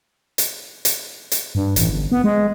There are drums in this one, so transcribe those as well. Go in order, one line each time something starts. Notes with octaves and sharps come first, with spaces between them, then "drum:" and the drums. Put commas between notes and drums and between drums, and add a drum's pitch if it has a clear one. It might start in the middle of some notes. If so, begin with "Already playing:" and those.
drum: hi-hat
drum: hi-hat
drum: hi-hat
G2
A1, drum: hi-hat
G1
B3
G#3